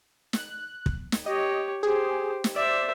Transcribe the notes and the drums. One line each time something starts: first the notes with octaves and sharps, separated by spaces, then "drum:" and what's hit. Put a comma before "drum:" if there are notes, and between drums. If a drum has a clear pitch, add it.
F#6, drum: snare
drum: kick
drum: snare
G4 C#5 D#5
G4 G#4 C5
drum: snare
C5 D5 E5